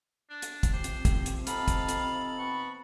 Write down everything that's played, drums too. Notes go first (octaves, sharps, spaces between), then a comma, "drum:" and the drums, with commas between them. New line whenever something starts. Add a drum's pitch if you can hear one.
D4
drum: hi-hat
drum: kick, hi-hat
C3 F3 C4 G4 C5
drum: hi-hat
drum: kick, hi-hat
drum: hi-hat
D#4 A4 F5 A5 B5, drum: hi-hat
drum: kick, hi-hat
drum: hi-hat
B3 F#5 A5 C#6